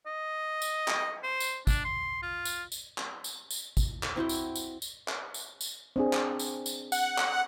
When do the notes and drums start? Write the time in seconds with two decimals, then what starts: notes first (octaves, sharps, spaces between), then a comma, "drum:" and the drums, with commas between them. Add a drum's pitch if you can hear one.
0.06 D#5
0.62 drum: tambourine
0.88 drum: clap
1.23 C5
1.40 drum: tambourine
1.67 D4, drum: kick, tambourine
1.85 C6
2.22 F4
2.45 drum: tambourine
2.72 drum: tambourine
2.98 drum: clap
3.24 drum: tambourine
3.51 drum: tambourine
3.77 drum: kick, tambourine
4.03 drum: clap
4.16 C4 E4 F#4 G5
4.29 drum: tambourine
4.56 drum: tambourine
4.82 drum: tambourine
5.08 drum: clap
5.34 drum: tambourine
5.61 drum: tambourine
5.96 C4 D4 G#4
6.13 drum: clap
6.39 drum: tambourine
6.66 drum: tambourine
6.92 F#5, drum: tambourine
7.18 drum: clap